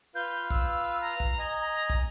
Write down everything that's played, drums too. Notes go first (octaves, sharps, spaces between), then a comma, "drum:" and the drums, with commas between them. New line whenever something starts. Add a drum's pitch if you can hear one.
F4 B4 F5 G6
E6, drum: kick
A#5
drum: kick
D#5 G#5
A#5
drum: kick